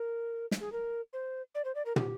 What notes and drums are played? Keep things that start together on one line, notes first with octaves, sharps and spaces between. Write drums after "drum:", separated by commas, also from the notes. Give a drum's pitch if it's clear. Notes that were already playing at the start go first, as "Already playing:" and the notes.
Already playing: A#4
drum: snare
G#4
A#4
C5
D5
C5
D5
A#4
G4, drum: tom